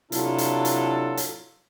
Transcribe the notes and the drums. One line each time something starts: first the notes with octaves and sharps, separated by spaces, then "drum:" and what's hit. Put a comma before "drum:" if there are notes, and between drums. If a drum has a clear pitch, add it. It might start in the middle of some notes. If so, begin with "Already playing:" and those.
C3 F#3 D4 E4 F4 A4, drum: hi-hat
drum: hi-hat
drum: hi-hat
drum: hi-hat